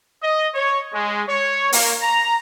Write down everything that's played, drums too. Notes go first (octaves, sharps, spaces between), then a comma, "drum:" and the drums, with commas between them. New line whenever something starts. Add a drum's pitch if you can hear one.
D#5
C#5
G#3
C#5
A#3, drum: open hi-hat
A#5